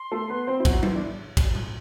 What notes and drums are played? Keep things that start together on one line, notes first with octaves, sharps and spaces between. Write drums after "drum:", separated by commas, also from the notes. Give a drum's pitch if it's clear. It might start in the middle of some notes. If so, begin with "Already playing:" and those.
Already playing: C6
A3 A4
B3 B4
C4 C5
E4
F#3 F#4, drum: kick, cymbal
E3 E4, drum: tom F#3
D4
drum: kick, cymbal
drum: tom A2